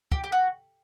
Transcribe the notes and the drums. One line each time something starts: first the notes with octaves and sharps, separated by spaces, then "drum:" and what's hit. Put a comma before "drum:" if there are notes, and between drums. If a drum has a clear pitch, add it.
G4, drum: kick
G4
F#4